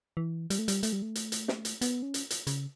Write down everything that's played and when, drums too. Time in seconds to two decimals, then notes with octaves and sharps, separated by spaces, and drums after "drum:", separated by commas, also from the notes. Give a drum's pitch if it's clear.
0.17 E3
0.50 G3, drum: hi-hat
0.59 A3
0.68 G3, drum: hi-hat
0.83 A3, drum: hi-hat
0.93 G3
1.02 A3
1.15 drum: hi-hat
1.32 drum: hi-hat
1.48 drum: snare
1.65 drum: hi-hat
1.81 B3, drum: hi-hat
2.03 C#4
2.14 drum: hi-hat
2.30 drum: hi-hat
2.47 C#3, drum: hi-hat